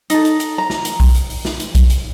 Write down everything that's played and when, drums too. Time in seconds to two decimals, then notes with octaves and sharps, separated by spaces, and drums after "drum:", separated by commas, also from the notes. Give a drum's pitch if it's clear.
0.10 D#4 A4, drum: hi-hat
0.25 drum: hi-hat
0.40 drum: hi-hat
0.58 A#5
0.70 drum: snare
0.85 drum: hi-hat
1.00 drum: kick B1, open hi-hat
1.15 drum: hi-hat
1.30 drum: open hi-hat
1.45 drum: snare
1.60 drum: hi-hat
1.75 drum: kick B1, hi-hat
1.90 drum: hi-hat